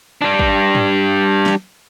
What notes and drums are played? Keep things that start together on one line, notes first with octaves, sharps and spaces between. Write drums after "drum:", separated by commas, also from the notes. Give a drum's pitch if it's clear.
G3 D4
drum: kick
drum: tom
drum: snare